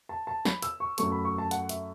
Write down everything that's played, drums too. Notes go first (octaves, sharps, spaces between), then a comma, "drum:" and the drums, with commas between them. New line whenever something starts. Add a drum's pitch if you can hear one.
A5
A5
B5, drum: snare
E6, drum: hi-hat
C#6
F#2 F#3 A3 C#6, drum: hi-hat
B5
C#6
A5
F#5, drum: hi-hat
E5, drum: hi-hat